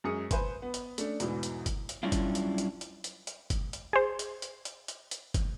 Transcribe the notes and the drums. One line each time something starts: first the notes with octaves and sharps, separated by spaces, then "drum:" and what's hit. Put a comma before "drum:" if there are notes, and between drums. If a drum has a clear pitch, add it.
F#2 G#3 G#4 D#6 C#7
B4 C5 G#5 C6, drum: kick, hi-hat
B3
drum: hi-hat
A3 C#4 D4, drum: hi-hat
E2 G#2 B2 E3, drum: hi-hat
drum: hi-hat
drum: kick, hi-hat
drum: hi-hat
F#3 G3 C#4 D4 E4 F4
drum: kick, hi-hat
drum: hi-hat
drum: hi-hat
drum: hi-hat
drum: hi-hat
drum: hi-hat
drum: kick, hi-hat
drum: hi-hat
G#4 C5
drum: hi-hat
drum: hi-hat
drum: hi-hat
drum: hi-hat
drum: hi-hat
drum: kick, hi-hat